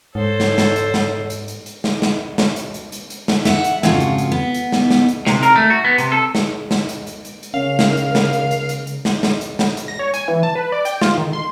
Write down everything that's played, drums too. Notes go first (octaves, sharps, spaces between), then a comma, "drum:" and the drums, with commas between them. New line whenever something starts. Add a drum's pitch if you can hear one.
G#2 A4 C5 C#5
drum: snare
drum: snare
drum: hi-hat
drum: snare
drum: hi-hat
drum: hi-hat
drum: hi-hat
drum: snare
drum: snare
drum: snare
drum: hi-hat
drum: hi-hat
drum: hi-hat
drum: hi-hat
drum: snare
E5 F#5, drum: snare
drum: hi-hat
F2 G#2 C#3 F4 F#4, drum: snare
drum: hi-hat
drum: hi-hat
B3
drum: hi-hat
drum: snare
drum: snare
drum: hi-hat
C3, drum: snare
A#4, drum: hi-hat
A3
F#4
B3
C3, drum: hi-hat
A4
drum: snare
drum: snare
drum: hi-hat
drum: hi-hat
drum: hi-hat
drum: hi-hat
C#3 C#4 A#4 F5
drum: snare
drum: hi-hat
drum: snare
drum: hi-hat
drum: hi-hat
drum: hi-hat
drum: hi-hat
drum: snare
drum: snare
drum: hi-hat
drum: snare
drum: hi-hat
A#6
C#5
G#5, drum: hi-hat
E3
A5
B4
D5
G5, drum: hi-hat
F4, drum: snare
D#3
C6